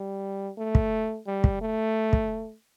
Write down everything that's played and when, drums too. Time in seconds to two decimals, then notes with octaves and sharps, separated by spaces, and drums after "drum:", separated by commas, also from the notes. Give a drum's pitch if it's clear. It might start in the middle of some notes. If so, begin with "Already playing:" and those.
Already playing: G3
0.57 A3
0.75 drum: kick
1.27 G3
1.44 drum: kick
1.61 A3
2.13 drum: kick